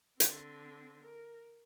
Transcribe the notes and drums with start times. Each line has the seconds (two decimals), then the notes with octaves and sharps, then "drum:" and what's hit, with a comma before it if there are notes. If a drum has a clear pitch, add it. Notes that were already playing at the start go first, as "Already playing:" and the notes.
0.20 D3 C4, drum: hi-hat
1.03 A#4